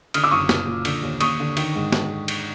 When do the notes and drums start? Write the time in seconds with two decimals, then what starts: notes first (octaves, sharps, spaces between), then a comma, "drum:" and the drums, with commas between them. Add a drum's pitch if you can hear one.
0.14 D3 D#6 F6, drum: cymbal
0.24 D6 E6
0.31 F#1 C#6 D#6
0.49 A#2, drum: snare
0.67 A#2
0.85 D3, drum: cymbal
1.03 D#2
1.21 D#2 C#6 D#6, drum: cymbal
1.40 D3
1.57 D#3, drum: cymbal
1.75 G#2
1.92 drum: snare
2.28 drum: cymbal